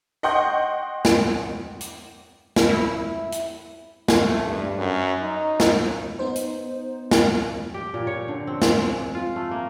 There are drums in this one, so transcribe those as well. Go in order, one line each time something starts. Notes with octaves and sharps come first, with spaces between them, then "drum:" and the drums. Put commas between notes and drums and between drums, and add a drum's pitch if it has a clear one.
D#5 F#5 G5 C6 C#6 G6
drum: snare
drum: hi-hat
drum: snare
E4
drum: hi-hat
A3, drum: snare
G2
F#2
D#4
drum: snare
B3 D#4 C5
drum: hi-hat
drum: snare
G4
A#2
C#5
D3
C4
G#3, drum: snare
G#3
F4
A3
A#3